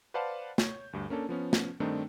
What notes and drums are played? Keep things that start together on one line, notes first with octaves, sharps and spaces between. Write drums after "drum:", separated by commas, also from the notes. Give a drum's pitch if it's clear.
B4 C5 D5 F5 F#5 A5
C#5 G6, drum: snare
D2 G2
A#3 C#4 D4 A4
F3 B3 C#4
drum: snare
G2 D#3 A3 C4 D4 D#4